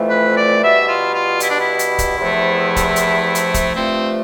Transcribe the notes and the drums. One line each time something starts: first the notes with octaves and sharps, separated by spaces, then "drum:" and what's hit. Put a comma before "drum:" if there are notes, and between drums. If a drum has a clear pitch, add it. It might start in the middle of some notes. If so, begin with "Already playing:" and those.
Already playing: F2 E3 A3
B4
D5
B2 G3 E5
F4
F4
E4, drum: hi-hat
D4
E4
drum: hi-hat
drum: kick C#1, hi-hat
E2 C3 F3 A3
drum: kick C#1, hi-hat
drum: hi-hat
drum: hi-hat
drum: kick C#1, hi-hat
G2 F3 A3 C4